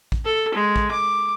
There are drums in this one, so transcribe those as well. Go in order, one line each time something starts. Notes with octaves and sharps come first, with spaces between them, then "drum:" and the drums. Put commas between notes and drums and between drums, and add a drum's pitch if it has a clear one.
drum: kick
A4
G#3
drum: kick
D6